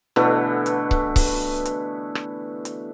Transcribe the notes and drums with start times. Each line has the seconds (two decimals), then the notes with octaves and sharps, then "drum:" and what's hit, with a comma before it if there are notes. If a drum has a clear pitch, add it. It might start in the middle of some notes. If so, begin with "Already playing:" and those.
0.16 B2 D3 E3 A3, drum: rim click
0.66 drum: hi-hat
0.91 drum: kick C#1
1.16 drum: kick C#1, open hi-hat
1.66 drum: hi-hat
2.15 drum: rim click
2.65 drum: hi-hat